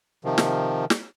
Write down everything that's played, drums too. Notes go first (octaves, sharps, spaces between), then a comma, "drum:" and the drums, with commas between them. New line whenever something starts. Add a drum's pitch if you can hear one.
C3 D#3 F3
drum: snare
drum: snare